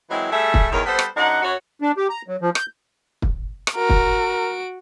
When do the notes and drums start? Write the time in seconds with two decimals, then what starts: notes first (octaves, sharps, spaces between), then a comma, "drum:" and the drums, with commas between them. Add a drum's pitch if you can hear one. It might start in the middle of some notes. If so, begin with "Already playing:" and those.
0.10 E3 F#3 G#3 C4 E4
0.32 G3 A3 G#4 A4 E5
0.54 drum: kick
0.72 E2 D#3 E3 D#4 A#4 C#5
0.86 G3 B3 A4 B4 C5
0.99 drum: rim click
1.17 F#2 D4 D#4 F#5
1.42 F#2 F#4 C#5
1.81 D4
1.97 G4
2.10 A#5
2.28 F#3
2.41 F3
2.55 G6, drum: rim click
3.22 drum: kick
3.67 drum: rim click
3.76 F#4 A#4 D7
3.89 drum: kick